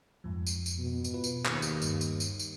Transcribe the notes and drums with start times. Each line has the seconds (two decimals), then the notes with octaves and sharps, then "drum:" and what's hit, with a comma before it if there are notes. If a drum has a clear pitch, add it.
0.24 F2 G#2 F3
0.47 drum: tambourine
0.66 drum: tambourine
0.79 B2
1.04 drum: tambourine
1.14 F4 B4
1.24 drum: tambourine
1.46 D#2, drum: clap
1.62 drum: tambourine
1.82 G2, drum: tambourine
2.01 drum: tambourine
2.20 drum: tambourine
2.39 drum: tambourine